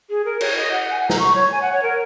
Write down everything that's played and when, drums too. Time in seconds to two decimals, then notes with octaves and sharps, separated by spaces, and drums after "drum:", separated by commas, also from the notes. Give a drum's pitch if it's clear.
0.10 G#4
0.25 A#4
0.41 C#5, drum: cymbal
0.57 D#5
0.72 F#5
0.91 G#5
0.99 F#5
1.10 A#5, drum: snare
1.19 C#6
1.35 C#5
1.51 G#5
1.62 F#5
1.72 C#5
1.83 A#4